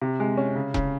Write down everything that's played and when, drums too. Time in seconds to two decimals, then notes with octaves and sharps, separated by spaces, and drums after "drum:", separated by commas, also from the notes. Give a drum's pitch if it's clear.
0.01 C3
0.20 G#3
0.37 C#4
0.55 C#3
0.74 C#3, drum: kick E1